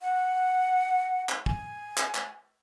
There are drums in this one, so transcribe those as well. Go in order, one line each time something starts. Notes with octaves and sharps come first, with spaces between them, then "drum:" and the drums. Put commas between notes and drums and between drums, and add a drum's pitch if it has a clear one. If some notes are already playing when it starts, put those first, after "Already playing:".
F#5
drum: clap
G#5, drum: kick
drum: clap
drum: clap